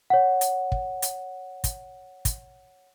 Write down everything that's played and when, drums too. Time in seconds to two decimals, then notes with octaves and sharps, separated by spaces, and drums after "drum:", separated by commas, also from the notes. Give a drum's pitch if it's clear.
0.10 C#5 F#5
0.41 drum: hi-hat
0.72 drum: kick
1.02 drum: hi-hat
1.64 drum: kick, hi-hat
2.25 drum: kick, hi-hat